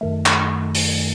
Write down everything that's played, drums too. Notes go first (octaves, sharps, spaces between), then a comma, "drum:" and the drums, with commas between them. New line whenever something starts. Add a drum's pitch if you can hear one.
F#2 D#3 A3
drum: clap
drum: open hi-hat